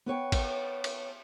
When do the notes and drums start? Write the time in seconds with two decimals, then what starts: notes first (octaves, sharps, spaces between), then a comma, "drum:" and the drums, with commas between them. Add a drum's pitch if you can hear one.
0.06 B3 B4 C#5 G5
0.32 drum: kick, cymbal
0.84 drum: cymbal